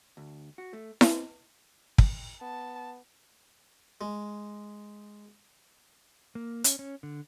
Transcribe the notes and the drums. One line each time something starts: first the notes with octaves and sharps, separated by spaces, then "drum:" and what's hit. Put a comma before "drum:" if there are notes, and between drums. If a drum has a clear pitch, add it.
D2
F#4
A3
C4, drum: snare E4
drum: kick
B3 A5
G#3
A#3
C#4, drum: hi-hat
C#4
D3